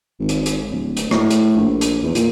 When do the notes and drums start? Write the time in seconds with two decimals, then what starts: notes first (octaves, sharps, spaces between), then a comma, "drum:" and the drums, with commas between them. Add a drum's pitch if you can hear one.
0.20 G#1
0.29 drum: hi-hat
0.46 drum: hi-hat
0.71 D1
0.97 drum: hi-hat
1.11 A2, drum: rim click
1.30 drum: hi-hat
1.56 A#1
1.81 drum: hi-hat
2.03 E2
2.15 A#2, drum: hi-hat